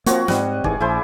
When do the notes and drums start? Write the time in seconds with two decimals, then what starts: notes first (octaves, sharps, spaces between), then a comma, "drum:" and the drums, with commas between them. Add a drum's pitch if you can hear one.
0.06 F3 A#3 C4 F#4 C#5, drum: hi-hat
0.28 G#2 G3 C4 D#5 F#5, drum: snare
0.64 G#1 G#2 E3 G#4 D5, drum: kick
0.80 A#1 E4 G#4 C5